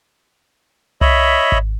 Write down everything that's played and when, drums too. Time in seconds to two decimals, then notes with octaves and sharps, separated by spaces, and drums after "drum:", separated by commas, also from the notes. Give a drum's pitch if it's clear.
1.01 C#5 D#5 E5 B5, drum: tom C2
1.52 drum: kick G#1